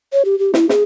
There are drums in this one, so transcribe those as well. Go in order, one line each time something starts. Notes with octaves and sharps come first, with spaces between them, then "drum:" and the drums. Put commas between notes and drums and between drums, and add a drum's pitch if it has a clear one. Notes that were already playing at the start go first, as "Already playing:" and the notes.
C#5
G4
G4
E4, drum: snare
G#4, drum: snare